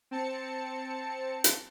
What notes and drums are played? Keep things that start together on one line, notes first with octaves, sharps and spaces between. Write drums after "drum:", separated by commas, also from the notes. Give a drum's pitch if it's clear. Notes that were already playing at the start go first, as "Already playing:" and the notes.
C4 A5 C#7
drum: hi-hat